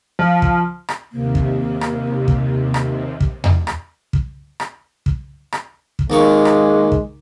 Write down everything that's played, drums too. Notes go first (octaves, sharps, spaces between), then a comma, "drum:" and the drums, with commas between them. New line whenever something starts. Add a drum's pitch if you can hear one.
F3
drum: kick
drum: rim click
D#2 C3 A#3
drum: kick
drum: rim click
drum: kick
drum: rim click
drum: kick
drum: tom E2
drum: rim click
drum: kick
drum: rim click
drum: kick
drum: rim click
drum: kick
D#2 G#3 A#3 C#6
drum: rim click
drum: kick